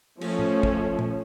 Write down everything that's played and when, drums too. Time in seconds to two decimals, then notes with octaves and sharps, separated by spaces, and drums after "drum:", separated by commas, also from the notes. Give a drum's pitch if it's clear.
0.21 F3 A3 C#4, drum: cymbal
0.39 drum: tom A2
0.63 drum: kick
0.99 drum: tom